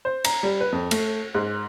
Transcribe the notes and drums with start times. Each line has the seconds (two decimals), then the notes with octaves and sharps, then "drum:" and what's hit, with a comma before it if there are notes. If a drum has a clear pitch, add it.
0.05 C5
0.24 A#5, drum: cymbal
0.43 G3
0.61 B4
0.72 F2
0.91 A3, drum: cymbal
1.35 G#2